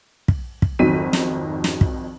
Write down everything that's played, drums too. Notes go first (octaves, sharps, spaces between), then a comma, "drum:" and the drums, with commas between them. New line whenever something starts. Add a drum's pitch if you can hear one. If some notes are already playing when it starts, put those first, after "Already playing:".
drum: kick
drum: kick
G#1 F2 F#3 D#4 B6 D#7
drum: snare
drum: snare
drum: kick